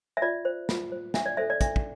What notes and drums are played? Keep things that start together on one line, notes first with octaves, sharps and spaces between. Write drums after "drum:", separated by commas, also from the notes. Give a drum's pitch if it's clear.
E5
F4 D5
C5
F4, drum: snare
C5
D4 E5, drum: snare
D5
A4 C5 E5
D5
D4 E5, drum: kick, hi-hat
drum: kick